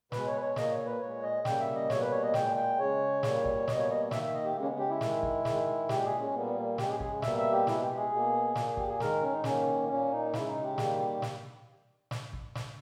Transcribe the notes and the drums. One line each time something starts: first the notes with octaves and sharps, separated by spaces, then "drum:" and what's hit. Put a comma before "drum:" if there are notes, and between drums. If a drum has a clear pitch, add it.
B2 G#3 B4, drum: snare
C#5
B4
C#5
A#2 A#3 D#5, drum: snare
C#5
B4
A#2 G#3 C#5
D#5
C#3 G3 A#3 G5, drum: snare
E5
D#5
B2 G3 A#3 C#5, drum: snare
B4
C#5
D#5
A#2 G#3 G5, drum: snare
G5
C#3 G#3 C#5
A#2 G3 A#3, drum: snare
drum: kick
B2 G3 A#3 D#5, drum: snare
C#5
D#5
D#3 A#3 E5, drum: snare
E5
D#5
G4
C#3 G#3 A#3
C#4
B3
G4
E4
D#3 G#3, drum: snare
drum: kick
D#3 G#3, drum: snare
A#2 G#3 G4, drum: snare
G#4
C#4
A#2 G3 A#3 B3
A#3
C#3 G#3 G4, drum: snare
G#4
G#4, drum: kick
B2 G3 A#3 E5, drum: snare
E5
G4
B2 G#3 E4, drum: snare
G4
G#4
B2 A#3
A#2 A#3, drum: snare
G4, drum: kick
G#4
D#3 G#3 A#4, drum: snare
C#4
D#4
D#3 A#3 C#4, drum: snare
A#2 A#3 C#4
D#4
C#3 G#3 E4, drum: snare
D#4
G4
D#3 G3 A#3, drum: snare
drum: snare
drum: snare
drum: kick
drum: snare